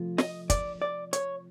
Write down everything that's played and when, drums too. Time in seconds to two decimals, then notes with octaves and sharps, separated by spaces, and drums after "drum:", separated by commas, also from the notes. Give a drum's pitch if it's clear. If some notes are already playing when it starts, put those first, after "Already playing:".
Already playing: C3 F3 A3 F4
0.18 D#5, drum: snare
0.50 D5, drum: kick, hi-hat
0.82 D5
1.13 C#5, drum: hi-hat